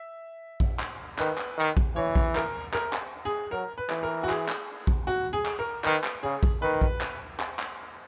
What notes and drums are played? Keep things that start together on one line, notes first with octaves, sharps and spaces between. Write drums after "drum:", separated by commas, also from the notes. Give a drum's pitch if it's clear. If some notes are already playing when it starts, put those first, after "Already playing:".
Already playing: E5
drum: kick A#1
drum: clap
D#3 B4, drum: clap
drum: clap
D#3
drum: kick A#1
E3 C#5
drum: kick A#1
A#4, drum: clap
A#4, drum: clap
drum: clap
G#4
F#3 A#4
B4
E3, drum: clap
A#4
F#4
G#4, drum: clap
drum: clap
drum: kick A#1
F#4
G#4
drum: clap
A#4
D#3 B4, drum: clap
drum: clap
C#3 G#4
drum: kick A#1
D#3 B4
drum: kick A#1
drum: clap
drum: clap
drum: clap